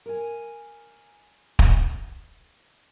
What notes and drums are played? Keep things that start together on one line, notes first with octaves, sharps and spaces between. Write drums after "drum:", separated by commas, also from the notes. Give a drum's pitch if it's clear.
A#4 G#5
drum: kick